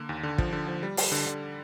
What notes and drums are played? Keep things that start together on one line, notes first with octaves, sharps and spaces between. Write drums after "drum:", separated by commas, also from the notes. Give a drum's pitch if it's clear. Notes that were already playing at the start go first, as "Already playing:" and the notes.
Already playing: D3 A#3
D#2
D3
F3, drum: kick
D3
F3
G3
G3, drum: open hi-hat
D3
D3